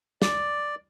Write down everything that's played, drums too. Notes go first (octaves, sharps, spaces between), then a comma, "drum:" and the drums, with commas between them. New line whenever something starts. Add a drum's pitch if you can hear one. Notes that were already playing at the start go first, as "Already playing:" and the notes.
D5, drum: snare